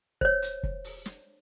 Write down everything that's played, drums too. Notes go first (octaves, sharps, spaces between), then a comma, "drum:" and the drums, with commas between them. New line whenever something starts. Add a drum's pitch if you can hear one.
C5 C#5, drum: kick
drum: hi-hat
drum: kick
drum: open hi-hat
drum: snare